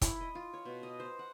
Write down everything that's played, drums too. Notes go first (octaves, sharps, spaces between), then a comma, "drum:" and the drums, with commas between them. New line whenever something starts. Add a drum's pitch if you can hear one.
E4, drum: kick, hi-hat
D#5
F4
C#5
B2
D#5
C5
F#5